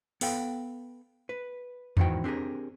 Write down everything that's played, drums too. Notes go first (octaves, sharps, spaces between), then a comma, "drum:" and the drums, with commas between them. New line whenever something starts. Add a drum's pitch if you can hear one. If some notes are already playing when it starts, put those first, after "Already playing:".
B3 A4 F5 G5, drum: open hi-hat
B4
E2 G#2 D#3 E3 F#4 G5, drum: tom E2
C4 D4 G4 G#4 A#4